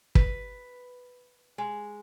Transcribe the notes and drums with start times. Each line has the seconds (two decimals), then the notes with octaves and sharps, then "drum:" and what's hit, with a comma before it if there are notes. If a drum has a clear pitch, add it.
0.15 B4, drum: kick
1.58 G#3